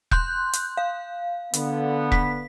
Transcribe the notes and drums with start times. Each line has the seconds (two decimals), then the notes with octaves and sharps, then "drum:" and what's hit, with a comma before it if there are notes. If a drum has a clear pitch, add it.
0.11 C6 F#6 G6, drum: kick E1
0.53 drum: hi-hat
0.77 F5
1.54 D3 B3, drum: hi-hat
2.12 B6, drum: kick E1